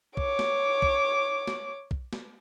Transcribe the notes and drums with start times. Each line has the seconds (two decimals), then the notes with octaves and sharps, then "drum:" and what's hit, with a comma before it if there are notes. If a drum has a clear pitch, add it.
0.17 C#5 D6, drum: kick B1
0.39 drum: snare
0.82 drum: kick B1
1.47 drum: snare
1.91 drum: kick B1
2.13 drum: snare